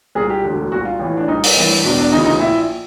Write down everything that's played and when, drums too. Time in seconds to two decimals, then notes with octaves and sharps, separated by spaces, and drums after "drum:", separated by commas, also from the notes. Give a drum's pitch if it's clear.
0.15 C2 A#2 G#4
0.29 G4
0.43 E1 D2 D3
0.72 C2 A#2 F#4
0.85 F4
0.99 A1 A2 E3
1.17 D4
1.28 C2 A#2 D#4
1.44 drum: open hi-hat
1.56 A1 G2 E3
1.84 E1 E2 B2 D4
1.98 D4
2.12 D2 C#3 E3 D#4
2.26 D#4
2.40 A#1 A#2 E4